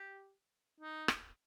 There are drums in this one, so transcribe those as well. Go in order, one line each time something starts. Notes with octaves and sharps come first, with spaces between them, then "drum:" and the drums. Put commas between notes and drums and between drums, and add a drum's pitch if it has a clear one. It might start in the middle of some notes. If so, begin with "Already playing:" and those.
Already playing: G4
D#4
drum: rim click